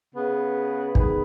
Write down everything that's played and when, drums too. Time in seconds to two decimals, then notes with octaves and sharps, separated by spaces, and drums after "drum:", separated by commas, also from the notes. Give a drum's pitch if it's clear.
0.15 C#3 B3 G#4 B4
0.95 D#3 B3 G#4 B4, drum: kick